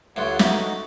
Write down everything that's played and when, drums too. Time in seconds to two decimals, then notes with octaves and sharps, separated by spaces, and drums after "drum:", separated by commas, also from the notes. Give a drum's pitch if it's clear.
0.16 D2 G2 F4 C#5 F#5 G5
0.39 A3 D#4 F#4 A4, drum: snare